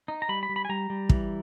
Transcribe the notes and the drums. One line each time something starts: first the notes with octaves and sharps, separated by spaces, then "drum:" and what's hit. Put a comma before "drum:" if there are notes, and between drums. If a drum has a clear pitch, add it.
D#4
A#5
G3 B5
B5
G3
B5
G#5
G3 A#5
G3
E3, drum: kick